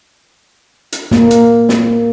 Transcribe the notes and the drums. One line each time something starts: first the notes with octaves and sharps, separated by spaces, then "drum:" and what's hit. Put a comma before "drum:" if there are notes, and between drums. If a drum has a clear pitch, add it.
drum: hi-hat
A#3, drum: snare
drum: hi-hat
drum: snare